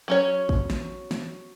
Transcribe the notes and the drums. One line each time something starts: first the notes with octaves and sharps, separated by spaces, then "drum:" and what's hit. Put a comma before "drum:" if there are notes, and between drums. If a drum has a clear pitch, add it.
F#3 C#4 C#5
drum: kick
drum: snare
drum: snare